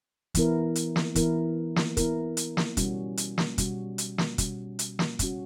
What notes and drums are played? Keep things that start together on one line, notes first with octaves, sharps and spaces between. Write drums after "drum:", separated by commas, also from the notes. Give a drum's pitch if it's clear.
E3 B3 E4 A#4, drum: kick, hi-hat
drum: hi-hat
drum: snare
E3 B3 E4 A#4, drum: kick, hi-hat
drum: snare
E3 B3 E4 A#4, drum: kick, hi-hat
drum: hi-hat
drum: snare
B2 G3 C#4 F#4, drum: kick, hi-hat
drum: hi-hat
drum: snare
B2 G3 C#4 F#4, drum: kick, hi-hat
drum: hi-hat
drum: snare
B2 G3 C#4 F#4, drum: kick, hi-hat
drum: hi-hat
drum: snare
B2 G3 C#4 F#4, drum: kick, hi-hat